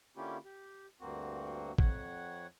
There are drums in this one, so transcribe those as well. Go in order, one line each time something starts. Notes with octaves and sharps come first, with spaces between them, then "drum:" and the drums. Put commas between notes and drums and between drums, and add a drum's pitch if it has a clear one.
D3 A#3 C#4 E4 F4 G4
G4
D2 G2 A#3 C4 F#4
F2 C#5 F#5, drum: kick